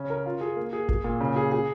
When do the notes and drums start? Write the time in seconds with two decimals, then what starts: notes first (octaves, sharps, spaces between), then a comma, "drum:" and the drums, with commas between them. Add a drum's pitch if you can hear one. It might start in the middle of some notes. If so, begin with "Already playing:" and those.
Already playing: C#3 C#4
0.10 A#4
0.26 F4
0.41 G#4
0.56 A#3
0.73 G#4
0.89 G#4, drum: kick G#1
1.04 A#2
1.21 C#3
1.36 G#4
1.51 G#4